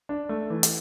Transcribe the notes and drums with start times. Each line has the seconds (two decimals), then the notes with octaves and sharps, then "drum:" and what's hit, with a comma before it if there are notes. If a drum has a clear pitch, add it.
0.09 D4
0.29 A3
0.50 E3
0.63 drum: hi-hat